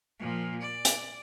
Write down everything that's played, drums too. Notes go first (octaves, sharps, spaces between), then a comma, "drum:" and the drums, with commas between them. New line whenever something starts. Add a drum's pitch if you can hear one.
A#2 F3
D5
drum: hi-hat